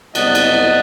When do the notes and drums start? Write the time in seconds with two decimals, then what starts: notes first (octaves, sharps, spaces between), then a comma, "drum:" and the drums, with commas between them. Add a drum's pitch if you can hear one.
0.15 F#1 C2 B3 D5 D#5 F#6, drum: cymbal
0.35 drum: cymbal